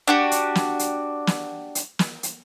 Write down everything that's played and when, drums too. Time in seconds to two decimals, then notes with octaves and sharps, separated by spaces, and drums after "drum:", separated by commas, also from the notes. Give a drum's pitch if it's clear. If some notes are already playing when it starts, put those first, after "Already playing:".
0.08 D4 F#4 G4
0.31 drum: hi-hat
0.55 drum: snare
0.79 drum: hi-hat
1.27 drum: snare
1.75 drum: hi-hat
1.99 drum: snare
2.23 drum: hi-hat